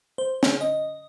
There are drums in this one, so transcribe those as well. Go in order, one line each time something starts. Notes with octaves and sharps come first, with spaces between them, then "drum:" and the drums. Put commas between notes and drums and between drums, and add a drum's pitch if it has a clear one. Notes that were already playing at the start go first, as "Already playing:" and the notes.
C5
drum: snare
D#5